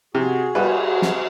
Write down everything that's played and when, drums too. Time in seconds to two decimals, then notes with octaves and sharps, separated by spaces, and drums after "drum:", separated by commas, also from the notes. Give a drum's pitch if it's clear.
0.15 C3 F#4 G#4
0.55 G3 B4, drum: cymbal
1.02 drum: snare